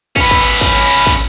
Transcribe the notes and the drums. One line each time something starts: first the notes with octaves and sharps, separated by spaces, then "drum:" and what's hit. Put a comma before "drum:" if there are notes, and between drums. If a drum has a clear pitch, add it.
C#4 B4, drum: kick
drum: kick
drum: kick
drum: kick